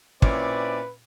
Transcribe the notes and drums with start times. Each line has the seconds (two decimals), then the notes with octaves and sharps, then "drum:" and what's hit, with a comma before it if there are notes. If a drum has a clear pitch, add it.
0.22 A#2 C4 C#4 E4 B4 D5, drum: kick